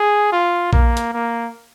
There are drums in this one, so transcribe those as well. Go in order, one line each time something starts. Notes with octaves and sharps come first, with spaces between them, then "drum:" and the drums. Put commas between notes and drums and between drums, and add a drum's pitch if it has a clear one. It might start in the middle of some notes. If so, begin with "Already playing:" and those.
Already playing: G#4
F4
A#3, drum: kick A#1
drum: hi-hat
A#3